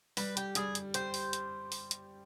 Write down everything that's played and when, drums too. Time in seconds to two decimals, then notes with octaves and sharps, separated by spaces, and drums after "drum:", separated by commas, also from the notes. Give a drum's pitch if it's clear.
0.17 G3 B4, drum: open hi-hat
0.37 G4, drum: hi-hat
0.55 G3 G#4, drum: hi-hat
0.75 drum: hi-hat
0.94 G4 C5, drum: hi-hat
1.14 drum: open hi-hat
1.33 drum: hi-hat
1.72 drum: open hi-hat
1.91 drum: hi-hat